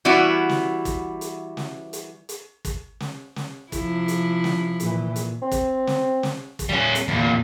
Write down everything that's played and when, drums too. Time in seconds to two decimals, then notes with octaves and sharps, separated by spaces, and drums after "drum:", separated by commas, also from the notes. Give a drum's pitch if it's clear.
0.05 E3 G3 B3 E4 F#4
0.49 drum: snare
0.85 drum: kick, hi-hat
1.21 drum: hi-hat
1.57 drum: snare
1.93 drum: hi-hat
2.29 drum: hi-hat
2.65 drum: kick, hi-hat
3.00 drum: snare
3.36 drum: snare
3.72 C3 F3 E4, drum: kick, hi-hat
4.08 drum: hi-hat
4.44 drum: snare
4.80 A#2 E3, drum: hi-hat
5.16 drum: hi-hat
5.42 C4
5.51 drum: kick, hi-hat
5.87 drum: snare
6.23 drum: snare
6.59 drum: kick, hi-hat
6.69 G3 C#4
6.95 drum: hi-hat
7.08 E2 A#2